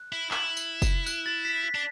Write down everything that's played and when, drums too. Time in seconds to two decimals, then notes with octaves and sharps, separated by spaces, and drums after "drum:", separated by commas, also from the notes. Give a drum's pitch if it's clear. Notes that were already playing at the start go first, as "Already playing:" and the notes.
Already playing: F#6
0.12 E4
0.31 E4, drum: clap
0.57 drum: tambourine
0.82 drum: kick, tambourine
1.06 F#6, drum: tambourine
1.26 A6
1.45 B6
1.64 B6
1.75 D4